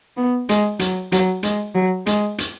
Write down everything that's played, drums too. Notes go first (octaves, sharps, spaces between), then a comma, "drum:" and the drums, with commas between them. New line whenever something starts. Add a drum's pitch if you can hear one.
B3
G#3, drum: hi-hat
F#3, drum: hi-hat
F#3, drum: hi-hat
G#3, drum: hi-hat
F#3
G#3, drum: hi-hat
drum: hi-hat